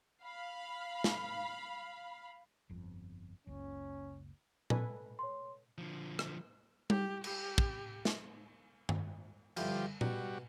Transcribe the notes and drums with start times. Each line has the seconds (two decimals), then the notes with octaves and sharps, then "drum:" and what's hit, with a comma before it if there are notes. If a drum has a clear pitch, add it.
0.24 F5 B5
1.04 drum: snare
2.70 G1 F2
3.47 F#1 C#2 C#4
4.70 A4 B4 G#5, drum: tom A#2
5.19 C#5 C6
5.78 D3 F3
6.19 drum: rim click
6.90 G4, drum: tom G3
7.24 G4, drum: cymbal
7.58 drum: kick
8.05 drum: snare
8.89 drum: tom G2
9.57 G2 D3 F3 E4 G4, drum: cymbal
10.01 B2 G3 F#4, drum: tom A#2